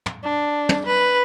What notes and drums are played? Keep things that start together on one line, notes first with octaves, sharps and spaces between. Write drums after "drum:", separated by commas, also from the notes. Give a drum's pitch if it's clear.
drum: tom
D4
drum: tom
B4